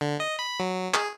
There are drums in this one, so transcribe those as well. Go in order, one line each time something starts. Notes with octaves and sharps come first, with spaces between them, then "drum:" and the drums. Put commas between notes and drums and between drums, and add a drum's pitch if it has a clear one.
D3
D#5
B5
F#3
G#4, drum: clap